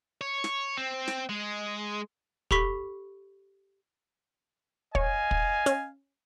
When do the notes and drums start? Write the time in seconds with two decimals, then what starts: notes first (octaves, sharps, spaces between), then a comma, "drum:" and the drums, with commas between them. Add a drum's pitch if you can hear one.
0.21 C#5
0.44 drum: snare
0.77 C4
1.07 drum: snare
1.29 G#3
2.51 G4 A4 B5 C#6 B6 G7, drum: kick
4.95 C#5 D#5 F5 G#5, drum: kick
5.31 drum: kick
5.66 C#4, drum: hi-hat